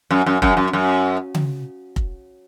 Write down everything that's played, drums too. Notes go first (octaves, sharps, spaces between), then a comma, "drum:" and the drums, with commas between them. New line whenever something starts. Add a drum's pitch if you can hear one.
F#2
F#2
F#2, drum: kick F1
F#2
F#2
drum: tom C#3
drum: kick F1